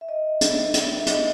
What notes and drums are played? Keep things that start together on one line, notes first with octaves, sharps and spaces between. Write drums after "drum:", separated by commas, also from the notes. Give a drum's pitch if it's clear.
E5
D#5
drum: hi-hat
drum: hi-hat
E5
D#5, drum: hi-hat